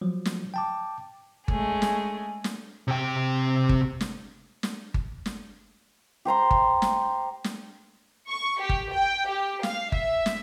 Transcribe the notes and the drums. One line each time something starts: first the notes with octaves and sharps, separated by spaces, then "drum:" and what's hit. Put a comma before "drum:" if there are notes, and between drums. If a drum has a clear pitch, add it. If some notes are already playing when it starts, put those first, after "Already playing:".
F3 F#3
drum: snare
G5 A5 D6
G#3 A3 C#4 G#4, drum: kick G1
drum: snare
drum: snare
C3 G5
drum: kick G1
drum: snare
drum: snare
drum: kick G1
drum: snare
G4 C5 A#5 C6
drum: kick G1
drum: snare
drum: snare
C#6
G4
drum: kick G1
G5
G4
F5, drum: snare
E5, drum: kick G1
drum: snare